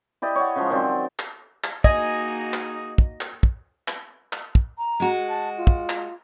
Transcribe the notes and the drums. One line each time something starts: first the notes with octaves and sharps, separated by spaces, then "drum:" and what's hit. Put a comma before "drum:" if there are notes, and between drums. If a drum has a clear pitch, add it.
E4 G4 D5 D#5
C#5 F#5
C#3 F3 G#3
D#3 F#3 C4 D5
drum: clap
drum: clap
A#3 D#4 F#4 G#4 D#5 G#5, drum: kick
drum: clap
drum: kick
drum: clap
drum: kick
drum: clap
drum: clap
drum: kick
A#5
G#3 F#4
A5
F4
drum: kick
drum: clap